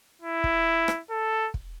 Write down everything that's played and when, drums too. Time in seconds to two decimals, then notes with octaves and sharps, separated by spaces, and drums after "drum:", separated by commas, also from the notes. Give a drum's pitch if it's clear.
0.22 E4
0.44 drum: kick
0.88 drum: rim click
1.10 A4
1.54 drum: kick